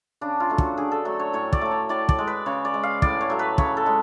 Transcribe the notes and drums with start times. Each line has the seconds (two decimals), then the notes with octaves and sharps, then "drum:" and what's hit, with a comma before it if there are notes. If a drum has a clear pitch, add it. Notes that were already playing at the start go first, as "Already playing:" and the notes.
0.21 C#3 D4
0.40 F4
0.50 F#3 A3
0.58 F#4, drum: kick
0.77 D3 G#4
0.92 A4
1.05 F#3 A3
1.20 C#5
1.33 A2 C#5
1.53 D5, drum: kick
1.61 F#3 A3
1.71 C#5
1.89 A2 D5
2.09 D5, drum: kick
2.19 G#3
2.27 B4
2.46 C#3 C#5
2.65 D5
2.74 G#3
2.83 F5
3.02 A2 D5, drum: kick
3.21 C#5
3.30 F#3 A3
3.39 B4
3.58 C#3 C#5, drum: kick
3.77 A4
3.86 G#3